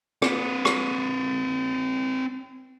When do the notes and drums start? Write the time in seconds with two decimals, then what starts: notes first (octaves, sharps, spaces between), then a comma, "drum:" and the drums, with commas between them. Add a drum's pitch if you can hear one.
0.22 C4 B4, drum: rim click
0.65 drum: rim click